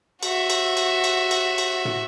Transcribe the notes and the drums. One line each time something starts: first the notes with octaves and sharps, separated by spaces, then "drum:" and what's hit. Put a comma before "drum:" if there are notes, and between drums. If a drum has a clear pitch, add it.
F#4 E5, drum: cymbal
drum: cymbal
drum: cymbal
drum: cymbal
drum: cymbal
drum: cymbal
drum: tom